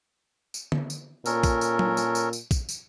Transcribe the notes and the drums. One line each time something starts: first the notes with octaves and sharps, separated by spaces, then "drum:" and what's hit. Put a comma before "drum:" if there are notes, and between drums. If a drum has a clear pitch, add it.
drum: tambourine
drum: tom D3
drum: tambourine
A#2 C#4 A4 A#4, drum: tambourine
drum: kick, tambourine
drum: tambourine
drum: tom F#3
drum: tambourine
drum: tambourine
drum: tambourine
drum: kick, tambourine
drum: tambourine